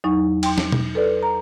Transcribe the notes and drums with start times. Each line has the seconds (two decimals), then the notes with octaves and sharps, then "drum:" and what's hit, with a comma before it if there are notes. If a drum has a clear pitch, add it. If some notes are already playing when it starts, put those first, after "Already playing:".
0.04 E2 F#3 D#4 C#6
0.43 G5 C6, drum: cymbal
0.58 drum: snare
0.72 drum: tom B2
0.95 A4 B4 D5
1.23 A#5